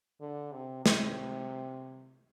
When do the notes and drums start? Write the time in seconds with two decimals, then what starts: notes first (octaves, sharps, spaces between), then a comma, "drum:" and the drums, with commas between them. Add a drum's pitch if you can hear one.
0.21 D3
0.53 C3
0.86 C3, drum: snare